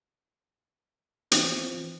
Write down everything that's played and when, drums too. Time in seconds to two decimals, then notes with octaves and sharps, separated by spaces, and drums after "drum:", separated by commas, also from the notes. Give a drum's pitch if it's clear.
1.32 E3 C4 F4 C5, drum: hi-hat